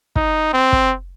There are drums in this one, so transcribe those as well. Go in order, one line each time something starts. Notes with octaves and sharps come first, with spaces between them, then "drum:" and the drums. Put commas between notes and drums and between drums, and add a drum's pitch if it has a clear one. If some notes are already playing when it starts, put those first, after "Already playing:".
D#4, drum: kick
C4
drum: kick